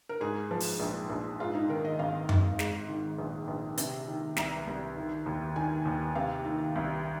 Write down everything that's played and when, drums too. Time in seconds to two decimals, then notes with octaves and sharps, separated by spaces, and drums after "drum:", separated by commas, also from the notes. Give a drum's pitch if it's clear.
0.09 A#4
0.21 G#2 G#4
0.51 F3
0.60 drum: open hi-hat
0.80 A#1
1.10 A#1
1.40 G#2 F4
1.55 D#4
1.69 D#3 A#4
1.85 D#5
1.99 G#1 F5
2.29 G#1, drum: tom F#2
2.59 G#2, drum: snare
2.89 D#3
3.19 A#1
3.48 A#1
3.78 C3, drum: hi-hat
4.08 D#3
4.36 C2 A#5, drum: snare
4.67 C2
4.97 D#3
5.26 D#2
5.56 D#3 G#5
5.86 D#2
6.15 C3 F5
6.45 D#3
6.76 C2